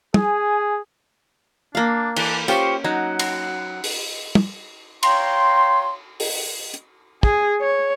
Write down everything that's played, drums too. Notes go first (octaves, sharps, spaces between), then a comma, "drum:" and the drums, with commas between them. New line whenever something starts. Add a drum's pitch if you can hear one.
G#4 G#5, drum: tom
A#3 D4 F5
E3 D4, drum: cymbal
C#4 F4 G4 C5 C#6, drum: tambourine
F#3 D#4 F#5
drum: cymbal
drum: open hi-hat
drum: tom
C#5 F5 G5 A#5 C6, drum: cymbal
drum: open hi-hat
drum: hi-hat
G#4, drum: kick
C#5